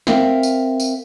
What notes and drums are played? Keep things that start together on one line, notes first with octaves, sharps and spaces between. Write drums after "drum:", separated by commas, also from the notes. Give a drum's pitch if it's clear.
C4 A#4 E5 F5, drum: snare
drum: tambourine
drum: tambourine